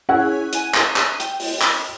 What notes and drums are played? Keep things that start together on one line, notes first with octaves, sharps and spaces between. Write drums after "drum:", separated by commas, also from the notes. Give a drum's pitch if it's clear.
C#4 E4 G#4 F#5
G#5 D#7, drum: hi-hat
drum: clap
drum: clap
G5, drum: hi-hat
drum: open hi-hat
drum: clap